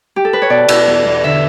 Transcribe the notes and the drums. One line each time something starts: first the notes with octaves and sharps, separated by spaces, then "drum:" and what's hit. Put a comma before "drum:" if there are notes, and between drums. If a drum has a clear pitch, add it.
G4
A4
B4
C#5
B2 D5
B2, drum: cymbal
E2
E2
D3 E5